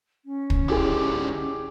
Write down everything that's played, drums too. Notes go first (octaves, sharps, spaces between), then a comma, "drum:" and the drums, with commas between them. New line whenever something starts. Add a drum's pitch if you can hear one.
C#4
drum: kick
G#2 D3 E4 G4 G#4